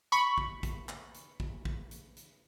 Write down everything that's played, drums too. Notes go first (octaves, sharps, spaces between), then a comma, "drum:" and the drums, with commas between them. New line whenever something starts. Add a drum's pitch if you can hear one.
B5 C#6, drum: hi-hat
drum: kick
drum: kick, hi-hat
drum: clap
drum: hi-hat
drum: kick
drum: kick
drum: hi-hat
drum: hi-hat